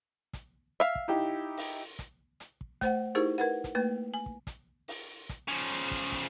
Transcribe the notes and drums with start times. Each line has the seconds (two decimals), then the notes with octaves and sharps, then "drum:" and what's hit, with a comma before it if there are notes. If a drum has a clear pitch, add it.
0.33 drum: kick, hi-hat
0.80 E5 F5
0.95 drum: kick
1.08 D#4 E4 G4
1.57 drum: open hi-hat
1.99 drum: kick, hi-hat
2.40 drum: hi-hat
2.61 drum: kick
2.81 A3 C5 F#5, drum: kick, hi-hat
3.15 D#4 E4 G4 G#4 A#4 C5
3.38 A#4 B4 F#5
3.64 drum: kick, hi-hat
3.75 A3 A#3 B4
4.14 G#5
4.26 drum: kick
4.47 drum: kick, hi-hat
4.88 drum: open hi-hat
5.29 drum: kick, hi-hat
5.48 C#3 F3
5.71 drum: hi-hat
5.91 drum: kick
6.12 drum: kick, hi-hat